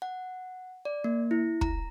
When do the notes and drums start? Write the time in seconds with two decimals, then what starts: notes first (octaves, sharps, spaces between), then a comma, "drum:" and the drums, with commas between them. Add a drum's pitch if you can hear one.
0.02 F#5
0.85 D5
1.04 A#3
1.31 E4
1.61 A#5, drum: kick